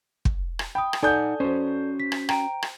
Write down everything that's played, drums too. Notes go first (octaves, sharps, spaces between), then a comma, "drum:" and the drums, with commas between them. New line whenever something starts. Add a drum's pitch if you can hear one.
drum: kick
drum: rim click
G5 B5 D#6
drum: rim click
D#4 A4 D5 F#5 G#5 A5 D#6 G6
C#4 F#4 C5
B6
drum: rim click
G5 A#5 D7, drum: rim click
drum: rim click